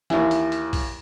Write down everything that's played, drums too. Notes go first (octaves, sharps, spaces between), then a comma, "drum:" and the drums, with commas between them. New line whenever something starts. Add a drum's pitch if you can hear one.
D#2 E3, drum: snare
drum: hi-hat
drum: hi-hat
drum: kick A#1, open hi-hat